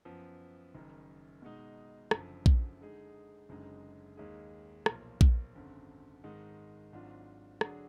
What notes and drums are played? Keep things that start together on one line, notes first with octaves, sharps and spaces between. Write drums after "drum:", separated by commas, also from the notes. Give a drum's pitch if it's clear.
F#2 F3 B3
F#1 F#2 D#3
B2 G#3 D#4
F#1 F#2 D3 F3, drum: rim click
drum: kick A#1
D3 G#3 D#4 G#4
F#1 F#2 D3 G#3 D#4
D#2 D#3 G#3 D#4 G#4
B1 A#2 F3 A#3 F4, drum: rim click
drum: kick A#1
G#1 F#2 D3
G#2 D#3 G#3 D#4
G#1 G#2 F#3 D4 F4
D3 F#3 D4 G#4, drum: rim click